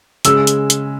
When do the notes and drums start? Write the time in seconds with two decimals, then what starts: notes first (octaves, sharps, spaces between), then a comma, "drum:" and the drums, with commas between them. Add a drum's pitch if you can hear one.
0.25 C#3 G#3 E6, drum: hi-hat
0.47 drum: hi-hat
0.70 drum: hi-hat